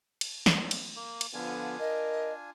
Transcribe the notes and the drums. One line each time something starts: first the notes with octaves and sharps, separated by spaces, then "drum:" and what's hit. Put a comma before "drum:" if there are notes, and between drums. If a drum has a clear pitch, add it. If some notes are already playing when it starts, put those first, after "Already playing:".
drum: cymbal
drum: snare
drum: cymbal
A#3
drum: cymbal
D3 F3 B3 D4 F4 G#5
A#4 D#5